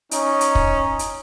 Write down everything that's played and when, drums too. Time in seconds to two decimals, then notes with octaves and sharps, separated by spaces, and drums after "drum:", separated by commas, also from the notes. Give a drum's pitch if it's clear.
0.11 C#4 D#4, drum: hi-hat
0.41 drum: hi-hat
0.55 drum: kick
0.99 drum: hi-hat